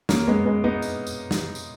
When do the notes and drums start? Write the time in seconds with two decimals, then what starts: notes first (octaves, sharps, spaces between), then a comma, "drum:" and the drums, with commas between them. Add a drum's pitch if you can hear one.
0.09 A#3 C#4, drum: snare
0.27 G#3 B3
0.45 G#3 B3
0.64 B3 D#4
0.82 drum: tambourine
1.07 drum: tambourine
1.31 drum: snare
1.55 drum: tambourine